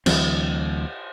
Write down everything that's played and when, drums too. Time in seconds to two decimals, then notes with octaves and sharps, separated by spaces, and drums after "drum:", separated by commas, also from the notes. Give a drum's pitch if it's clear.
0.06 D2 E3 F#3 C4, drum: cymbal